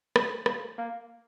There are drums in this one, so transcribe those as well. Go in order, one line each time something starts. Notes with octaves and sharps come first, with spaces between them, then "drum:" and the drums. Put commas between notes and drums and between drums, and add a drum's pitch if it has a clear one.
A3, drum: rim click
A#3, drum: rim click
A#3